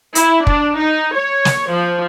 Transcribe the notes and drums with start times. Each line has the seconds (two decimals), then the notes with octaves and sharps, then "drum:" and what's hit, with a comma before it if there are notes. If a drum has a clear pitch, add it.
0.15 E4, drum: hi-hat
0.47 D4, drum: kick
0.78 D#4
1.15 C#5
1.45 drum: snare
1.71 F3